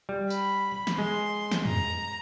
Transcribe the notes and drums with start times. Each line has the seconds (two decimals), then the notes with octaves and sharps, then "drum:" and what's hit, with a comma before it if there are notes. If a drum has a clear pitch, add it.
0.09 G3
0.30 B5, drum: tambourine
0.87 drum: snare
0.98 G#3 C6
1.51 drum: snare
1.66 A#5, drum: tom